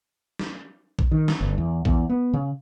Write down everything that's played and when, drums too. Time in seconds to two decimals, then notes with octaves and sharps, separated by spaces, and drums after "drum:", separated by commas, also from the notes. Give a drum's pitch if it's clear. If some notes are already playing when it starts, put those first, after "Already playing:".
0.39 drum: snare
0.99 drum: kick A#1
1.11 D#3
1.28 drum: snare
1.41 G1
1.58 E2
1.85 E2, drum: kick A#1
2.09 B3
2.33 C#3